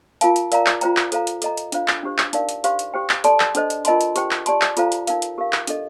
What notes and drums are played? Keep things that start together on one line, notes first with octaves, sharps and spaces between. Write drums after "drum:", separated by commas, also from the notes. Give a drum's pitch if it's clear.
F4 A#4 F5 A5, drum: hi-hat
drum: hi-hat
A#4 D5 F5 A#5, drum: hi-hat
drum: clap
F4 C5 G5 A#5, drum: hi-hat
drum: clap
A4 C5 F5 A#5, drum: hi-hat
drum: hi-hat
A4 D#5 A#5, drum: hi-hat
drum: hi-hat
D4 F4 C5 F5, drum: hi-hat
drum: clap
D4 G4 C5
drum: clap
D#4 A#4 D5 F5, drum: hi-hat
drum: hi-hat
G4 C5 F5 C6, drum: hi-hat
drum: hi-hat
G4 C5 G5
drum: clap
A4 D5 A5 C6, drum: hi-hat
drum: clap
D4 A4 C5 D#5, drum: hi-hat
drum: hi-hat
F4 A#4 D#5 A5 C6, drum: hi-hat
drum: hi-hat
G4 C5 G5, drum: hi-hat
drum: clap
G4 D5 A5 C6, drum: hi-hat
drum: clap
F4 A4 C5 F5 A#5, drum: hi-hat
drum: hi-hat
D#4 A#4 F5, drum: hi-hat
drum: hi-hat
G4 A#4 F5
drum: clap
D4 A4 D#5, drum: hi-hat